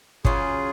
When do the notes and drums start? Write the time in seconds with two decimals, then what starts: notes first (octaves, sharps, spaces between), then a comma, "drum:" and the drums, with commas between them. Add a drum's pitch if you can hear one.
0.25 C#3 F#3 C#4 F4 G#4, drum: kick